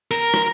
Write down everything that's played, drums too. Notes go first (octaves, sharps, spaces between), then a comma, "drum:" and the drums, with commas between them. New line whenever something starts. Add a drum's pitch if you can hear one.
A#4, drum: hi-hat
drum: rim click